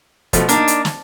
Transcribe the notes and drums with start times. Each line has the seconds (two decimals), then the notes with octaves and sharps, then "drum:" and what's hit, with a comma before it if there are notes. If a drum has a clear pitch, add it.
0.33 B2 F3 A3, drum: kick, hi-hat
0.49 A#3 D4 D#4, drum: hi-hat
0.68 drum: hi-hat
0.85 drum: snare